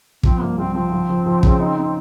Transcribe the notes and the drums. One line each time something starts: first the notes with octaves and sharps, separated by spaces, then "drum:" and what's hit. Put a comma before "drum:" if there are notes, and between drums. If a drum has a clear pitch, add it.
F3 C4, drum: kick
C2 A#3
C2 C4
F3 C4
F3
F3
F3
C#3, drum: kick
D#4
D#4